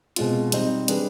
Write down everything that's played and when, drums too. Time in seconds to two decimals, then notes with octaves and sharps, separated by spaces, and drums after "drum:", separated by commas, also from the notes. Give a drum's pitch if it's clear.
0.16 B2 G#3 C4 F4, drum: hi-hat
0.52 G3 C4 D#4, drum: hi-hat
0.88 G3 D4 G#4 B4, drum: hi-hat